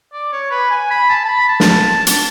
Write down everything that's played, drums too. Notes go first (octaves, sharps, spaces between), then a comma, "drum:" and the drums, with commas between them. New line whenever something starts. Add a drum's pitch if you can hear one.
D5
C#5
B4
G#5
B5
A5
A5
B5
A5
drum: snare
drum: hi-hat